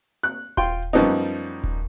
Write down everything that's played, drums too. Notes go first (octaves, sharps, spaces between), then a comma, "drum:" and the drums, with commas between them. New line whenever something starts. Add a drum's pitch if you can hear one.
F#6
F4 G5 C6, drum: kick D#1
F#2 F3 G3 B3 D#4
drum: kick D#1